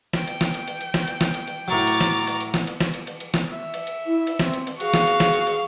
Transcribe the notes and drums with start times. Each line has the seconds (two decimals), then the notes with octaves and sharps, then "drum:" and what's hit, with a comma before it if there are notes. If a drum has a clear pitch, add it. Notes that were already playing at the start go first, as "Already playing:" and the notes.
0.13 G5, drum: snare
0.27 drum: cymbal
0.41 drum: snare
0.54 drum: cymbal
0.67 drum: cymbal
0.81 drum: cymbal
0.94 drum: snare
1.07 drum: cymbal
1.21 drum: snare
1.34 drum: cymbal
1.47 drum: cymbal
1.68 A2 F#3 A#5 C#6 D6 A6
1.87 drum: cymbal
2.01 drum: snare
2.27 drum: cymbal
2.41 drum: cymbal
2.54 drum: snare
2.67 drum: cymbal
2.80 drum: snare
2.94 drum: cymbal
3.07 drum: cymbal
3.20 drum: cymbal
3.34 drum: snare
3.52 E5
3.74 drum: cymbal
3.87 drum: cymbal
4.06 E4
4.27 drum: cymbal
4.39 C4, drum: snare
4.54 drum: cymbal
4.67 drum: cymbal
4.80 F#4 G#4 F5 C#6, drum: cymbal
4.94 drum: snare
5.07 drum: cymbal
5.20 drum: snare
5.33 drum: cymbal
5.47 drum: cymbal